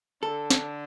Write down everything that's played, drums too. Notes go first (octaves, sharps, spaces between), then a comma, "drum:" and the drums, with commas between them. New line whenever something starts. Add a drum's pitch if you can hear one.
D3 A4
drum: snare